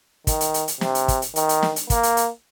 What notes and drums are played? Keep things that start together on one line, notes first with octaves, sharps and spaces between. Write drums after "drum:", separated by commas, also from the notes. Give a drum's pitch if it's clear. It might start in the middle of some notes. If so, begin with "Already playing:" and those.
D#3, drum: kick, hi-hat
drum: hi-hat
drum: hi-hat
drum: hi-hat
C3, drum: snare
drum: hi-hat
drum: kick, hi-hat
drum: hi-hat
D#3, drum: hi-hat
drum: hi-hat
drum: snare
drum: hi-hat
A#3, drum: kick, hi-hat
drum: hi-hat
drum: hi-hat